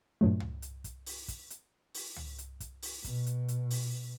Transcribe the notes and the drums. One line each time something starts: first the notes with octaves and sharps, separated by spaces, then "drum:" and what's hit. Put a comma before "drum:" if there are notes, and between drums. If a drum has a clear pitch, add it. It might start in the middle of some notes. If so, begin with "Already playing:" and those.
G2 A#2 F#3 A3
drum: tom
drum: hi-hat
drum: kick, hi-hat
drum: open hi-hat
drum: kick, hi-hat
drum: hi-hat
drum: open hi-hat
drum: tom
drum: hi-hat
drum: kick, hi-hat
drum: open hi-hat
B2, drum: kick, hi-hat
drum: hi-hat
drum: hi-hat
drum: open hi-hat